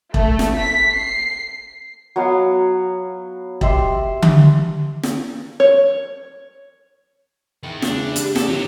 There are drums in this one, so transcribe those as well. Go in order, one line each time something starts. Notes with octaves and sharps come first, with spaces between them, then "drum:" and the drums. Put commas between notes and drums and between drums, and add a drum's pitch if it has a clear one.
A3, drum: kick E1
drum: snare
B6
C7
F#3 B3 F5
G4 E5 C6, drum: kick E1
drum: tom D3
drum: snare
C#5
E2 D#3
C#2 D4, drum: snare
G4, drum: hi-hat
A4, drum: snare
D#3 F3 F#3